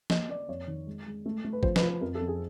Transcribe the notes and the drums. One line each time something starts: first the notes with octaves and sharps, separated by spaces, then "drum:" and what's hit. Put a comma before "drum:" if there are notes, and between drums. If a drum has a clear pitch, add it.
A#3 D#5, drum: snare
A#3 D5
F2 C#5
D#3
G#3
G#3
A3
A3
B4
F3 C5, drum: kick G#1
B4, drum: snare
F3
B4
F2 A#4
A4
F2
G#4